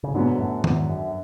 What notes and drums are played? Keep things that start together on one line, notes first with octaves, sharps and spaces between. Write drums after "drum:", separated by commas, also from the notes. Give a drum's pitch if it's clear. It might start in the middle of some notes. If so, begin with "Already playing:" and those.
C#3
G#2 B2 D3 F#3 B3
G#2
F#2 A2
E2 G#2, drum: tom D#3
F#2